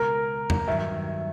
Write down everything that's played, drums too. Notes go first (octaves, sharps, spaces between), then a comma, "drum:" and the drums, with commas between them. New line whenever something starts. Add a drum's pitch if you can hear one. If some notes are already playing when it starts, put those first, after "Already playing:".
Already playing: C#2 B2 G#3 A#4
drum: tom E2
G2 D#3 F#3 E5